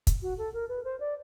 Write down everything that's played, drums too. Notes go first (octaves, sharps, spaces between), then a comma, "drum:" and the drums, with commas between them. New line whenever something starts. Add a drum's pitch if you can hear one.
drum: kick, hi-hat
F#4
A4
A#4
B4
C5
D5